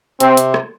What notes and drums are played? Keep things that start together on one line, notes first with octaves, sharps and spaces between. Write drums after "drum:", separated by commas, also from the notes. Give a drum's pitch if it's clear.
C3 C4, drum: hi-hat
drum: hi-hat
drum: rim click